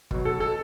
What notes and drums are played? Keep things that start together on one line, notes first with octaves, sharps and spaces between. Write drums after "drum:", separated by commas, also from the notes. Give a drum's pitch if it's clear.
B2 F#3, drum: kick
A4
A4